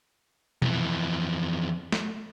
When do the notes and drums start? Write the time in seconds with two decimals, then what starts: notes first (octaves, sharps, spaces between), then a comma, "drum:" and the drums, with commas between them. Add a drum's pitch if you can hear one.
0.62 F2 E3, drum: tom B2
1.92 drum: snare